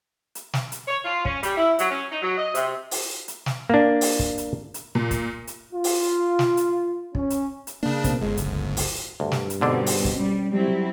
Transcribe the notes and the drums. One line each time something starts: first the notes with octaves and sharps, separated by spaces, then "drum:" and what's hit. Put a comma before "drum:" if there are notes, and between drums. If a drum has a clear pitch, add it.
drum: hi-hat
drum: snare
drum: hi-hat
C#5
F4
C#4, drum: kick
G3, drum: hi-hat
E4
F#3, drum: hi-hat
C#4
D#4
F#3
D#5
C3, drum: hi-hat
drum: open hi-hat
drum: hi-hat
drum: snare
A#3 D4
drum: open hi-hat
drum: kick
drum: hi-hat
drum: hi-hat
A#2
drum: kick, hi-hat
drum: hi-hat
F4
drum: open hi-hat
drum: snare
drum: hi-hat
C#4, drum: kick
drum: hi-hat
drum: hi-hat
C#3 A#3 D4
B2 A#3 C4, drum: kick, hi-hat
G1 G#3
D1 C#2, drum: hi-hat
drum: open hi-hat
D2 G2
drum: snare
drum: hi-hat
G#2 B2 D3 G3 C4 D4
drum: open hi-hat
drum: kick
G3 C#4
F#3 G3 C4 E4